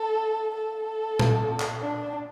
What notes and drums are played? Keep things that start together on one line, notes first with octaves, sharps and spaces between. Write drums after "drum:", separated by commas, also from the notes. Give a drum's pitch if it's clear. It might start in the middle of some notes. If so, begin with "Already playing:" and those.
Already playing: A4
A4
drum: tom A#2
drum: clap
D4